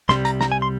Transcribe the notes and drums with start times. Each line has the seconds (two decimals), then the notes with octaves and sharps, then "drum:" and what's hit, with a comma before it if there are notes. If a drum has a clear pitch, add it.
0.09 C2 C3 G3 C6, drum: snare
0.25 A#5, drum: hi-hat
0.41 A#5, drum: snare
0.52 G#5
0.62 C6